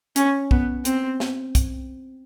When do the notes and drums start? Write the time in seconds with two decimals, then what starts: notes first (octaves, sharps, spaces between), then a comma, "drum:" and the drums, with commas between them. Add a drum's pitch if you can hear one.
0.16 C#4, drum: hi-hat
0.51 B3, drum: kick
0.85 C4, drum: hi-hat
1.20 drum: snare
1.55 drum: kick, hi-hat